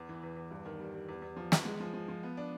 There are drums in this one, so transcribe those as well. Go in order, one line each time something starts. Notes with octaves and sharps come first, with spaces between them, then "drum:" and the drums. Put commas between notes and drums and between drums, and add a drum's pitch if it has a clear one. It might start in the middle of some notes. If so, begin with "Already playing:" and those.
Already playing: E2
E3
E2
E2
G2
D#3
G3
G3
E2
E2
F3
E2, drum: snare
G#3
F3
F3
F3
B3
D4